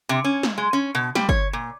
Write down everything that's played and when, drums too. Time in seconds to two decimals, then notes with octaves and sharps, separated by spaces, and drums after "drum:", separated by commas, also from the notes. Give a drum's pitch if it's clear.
0.09 C3
0.24 C#4
0.43 drum: snare
0.58 G#3
0.73 C#4
0.95 B2
1.15 G3, drum: snare
1.29 C#5, drum: kick
1.53 A#2